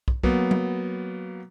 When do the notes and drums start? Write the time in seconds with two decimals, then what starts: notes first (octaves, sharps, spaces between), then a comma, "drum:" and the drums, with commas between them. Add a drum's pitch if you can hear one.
0.08 drum: kick
0.23 F#3 A#3 B3, drum: kick
0.51 drum: tom F#3